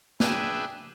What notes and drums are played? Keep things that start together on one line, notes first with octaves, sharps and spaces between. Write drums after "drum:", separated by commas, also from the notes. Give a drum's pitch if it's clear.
D4 G#4 B4 E5 G5 G#5, drum: snare